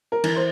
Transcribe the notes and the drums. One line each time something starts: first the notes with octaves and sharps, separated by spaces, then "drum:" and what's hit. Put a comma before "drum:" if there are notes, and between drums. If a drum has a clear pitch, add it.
A#4
E3, drum: cymbal
C5